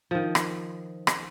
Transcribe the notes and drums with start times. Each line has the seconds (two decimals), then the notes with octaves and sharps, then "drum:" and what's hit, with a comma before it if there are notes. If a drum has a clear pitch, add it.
0.11 D#3 F3
0.35 drum: rim click
1.07 drum: rim click